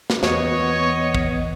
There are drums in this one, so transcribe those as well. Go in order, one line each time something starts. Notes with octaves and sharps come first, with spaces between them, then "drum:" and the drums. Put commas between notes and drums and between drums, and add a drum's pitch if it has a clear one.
drum: snare
E2 B3 C#5 D#5, drum: snare
drum: kick